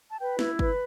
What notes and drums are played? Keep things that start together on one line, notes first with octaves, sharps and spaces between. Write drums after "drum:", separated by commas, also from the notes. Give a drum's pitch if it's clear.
A5
B4 G5
E4, drum: snare
B4, drum: kick